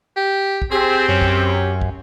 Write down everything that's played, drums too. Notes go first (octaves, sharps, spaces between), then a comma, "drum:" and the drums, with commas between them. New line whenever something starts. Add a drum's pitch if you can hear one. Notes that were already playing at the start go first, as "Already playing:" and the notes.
G4
drum: kick
C4 G4 G#4
F#2 C#4
drum: kick
drum: kick